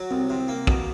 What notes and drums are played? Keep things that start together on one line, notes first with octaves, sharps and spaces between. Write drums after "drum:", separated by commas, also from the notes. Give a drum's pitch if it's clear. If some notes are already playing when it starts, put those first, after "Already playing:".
Already playing: F#3
C2 C4
C3
A#3
B2, drum: kick